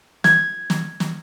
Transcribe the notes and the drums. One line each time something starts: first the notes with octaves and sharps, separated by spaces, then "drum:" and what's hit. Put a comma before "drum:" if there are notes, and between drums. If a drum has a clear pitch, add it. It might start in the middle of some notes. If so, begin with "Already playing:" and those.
G#6, drum: snare
drum: snare
drum: snare